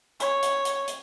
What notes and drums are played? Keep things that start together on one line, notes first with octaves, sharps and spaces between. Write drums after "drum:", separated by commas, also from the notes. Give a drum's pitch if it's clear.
C#5, drum: hi-hat
drum: hi-hat
drum: hi-hat
drum: hi-hat